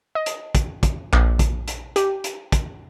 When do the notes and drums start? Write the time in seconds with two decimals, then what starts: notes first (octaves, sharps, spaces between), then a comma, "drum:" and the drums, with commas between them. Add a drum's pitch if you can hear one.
0.15 D#5
0.26 drum: hi-hat
0.55 drum: kick, hi-hat
0.83 drum: kick, hi-hat
1.13 A#1, drum: clap
1.39 drum: kick, hi-hat
1.68 drum: hi-hat
1.96 G4, drum: hi-hat
2.24 drum: hi-hat
2.52 drum: kick, hi-hat